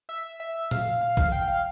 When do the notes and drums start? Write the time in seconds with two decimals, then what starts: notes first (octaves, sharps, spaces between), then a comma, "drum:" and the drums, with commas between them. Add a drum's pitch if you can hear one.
0.09 E5
0.40 E5
0.71 F5, drum: tom A#2
1.01 F5
1.17 F5, drum: kick
1.32 G5
1.48 F5